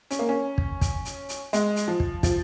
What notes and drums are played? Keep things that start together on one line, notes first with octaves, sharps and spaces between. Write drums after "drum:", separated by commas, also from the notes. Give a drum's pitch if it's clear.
C#4, drum: hi-hat
A#3
C#4
drum: kick
drum: kick, hi-hat
drum: hi-hat
drum: hi-hat
G#3, drum: hi-hat
drum: hi-hat
F3
drum: kick
F3, drum: kick, hi-hat